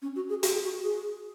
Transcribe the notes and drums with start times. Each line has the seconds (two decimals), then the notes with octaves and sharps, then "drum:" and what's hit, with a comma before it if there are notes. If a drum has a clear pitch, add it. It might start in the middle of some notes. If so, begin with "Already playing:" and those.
0.02 C#4
0.16 F#4
0.29 G#4
0.43 F#4, drum: hi-hat
0.53 G#4
0.64 F#4
0.74 F#4
0.83 G#4